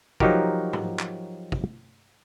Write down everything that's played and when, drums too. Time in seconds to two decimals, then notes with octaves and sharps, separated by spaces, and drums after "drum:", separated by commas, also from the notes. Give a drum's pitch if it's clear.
0.20 F3 F#3 D#4 F#4 G4 A#4, drum: kick
0.73 drum: tom G#2
0.99 drum: clap
1.52 drum: kick